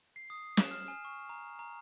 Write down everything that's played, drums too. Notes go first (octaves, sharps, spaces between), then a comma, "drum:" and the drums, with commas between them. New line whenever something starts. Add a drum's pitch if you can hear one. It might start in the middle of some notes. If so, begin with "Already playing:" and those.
C7
D#6
E7, drum: snare
F6
G#5
C#6
A#5
A#5